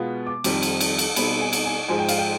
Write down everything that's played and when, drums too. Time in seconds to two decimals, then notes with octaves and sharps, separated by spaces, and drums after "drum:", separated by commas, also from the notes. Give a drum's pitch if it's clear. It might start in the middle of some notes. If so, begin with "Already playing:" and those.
Already playing: B2 G#3 B3 F4
0.27 D6
0.44 F2 D#3 G3 C4, drum: cymbal
0.63 drum: cymbal
0.81 drum: cymbal
0.99 drum: cymbal
1.16 B2 G3 C4 D#4 B5, drum: cymbal
1.40 G#5
1.53 drum: cymbal
1.65 G#5
1.88 G#2 F3 G#3 G#5
1.99 G5
2.09 F5, drum: cymbal
2.18 G5